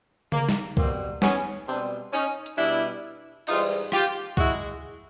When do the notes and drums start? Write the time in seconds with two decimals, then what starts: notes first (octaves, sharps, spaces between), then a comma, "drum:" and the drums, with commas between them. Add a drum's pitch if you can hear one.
0.32 A#3, drum: tom C#3
0.49 drum: snare
0.77 B2 G3 A#3 C4, drum: kick C2
1.22 B3 C#4, drum: snare
1.67 B2 G3 C4 D4
2.12 C#4 D#4
2.46 drum: hi-hat
2.57 B2 G3 D4 E4
3.47 G#2 E3 G3 D#4 F4, drum: cymbal
3.92 F4 G4, drum: rim click
4.37 G#3 E4 F#4, drum: kick C2